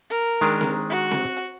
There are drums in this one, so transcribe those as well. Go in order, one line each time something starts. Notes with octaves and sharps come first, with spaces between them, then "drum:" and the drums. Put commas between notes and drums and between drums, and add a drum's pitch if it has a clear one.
A#4, drum: hi-hat
D#3 G#3 D4
drum: snare C4
F#4
drum: snare C4
drum: hi-hat